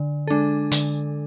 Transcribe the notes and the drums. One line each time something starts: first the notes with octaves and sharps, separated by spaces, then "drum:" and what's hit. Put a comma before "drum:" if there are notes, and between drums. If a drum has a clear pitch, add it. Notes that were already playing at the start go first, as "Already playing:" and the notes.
Already playing: D3
G#3 D4 A4
D3, drum: hi-hat